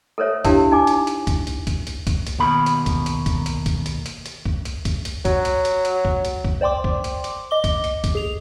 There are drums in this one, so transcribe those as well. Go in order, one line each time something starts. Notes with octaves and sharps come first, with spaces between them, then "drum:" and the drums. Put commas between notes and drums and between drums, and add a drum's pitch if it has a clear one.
A4 A#4 C5 C#5 E5
D4 E4 G4 A#4 F5, drum: kick, hi-hat
D#4 G#5 D6
drum: hi-hat
drum: hi-hat
drum: kick, hi-hat
drum: hi-hat
drum: kick, hi-hat
drum: hi-hat
drum: kick, hi-hat
drum: hi-hat
D#2 B2 A#4 B5
drum: hi-hat
drum: kick, hi-hat
drum: hi-hat
drum: kick, hi-hat
drum: hi-hat
drum: kick, hi-hat
drum: hi-hat
drum: hi-hat
drum: hi-hat
drum: kick
drum: hi-hat
drum: kick, hi-hat
drum: hi-hat
F#3, drum: kick, hi-hat
drum: hi-hat
drum: hi-hat
drum: hi-hat
drum: kick
drum: hi-hat
drum: kick
C5 D5 G5 C6 D6
drum: kick
drum: hi-hat
drum: hi-hat
D#5 D6 G7
drum: kick, hi-hat
drum: hi-hat
drum: kick, hi-hat
G#4 F7